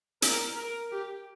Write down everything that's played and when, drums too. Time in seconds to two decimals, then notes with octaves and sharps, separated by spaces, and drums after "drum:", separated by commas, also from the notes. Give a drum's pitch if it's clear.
0.22 A#4, drum: hi-hat
0.57 A#4
0.91 G4